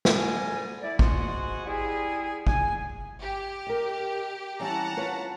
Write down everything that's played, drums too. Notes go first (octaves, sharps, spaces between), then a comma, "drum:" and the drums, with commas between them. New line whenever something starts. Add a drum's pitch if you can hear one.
drum: snare
D2 G3 A#4 F#5 G#5
E4 D5
G#2 F#4 F#5 G#5 C6, drum: kick G#1
G3 E4 G#4
G#5, drum: kick G#1
G4
A#4 D#5
E3 G3 C#4 F#5 A5 A#5
F4 B4 C#5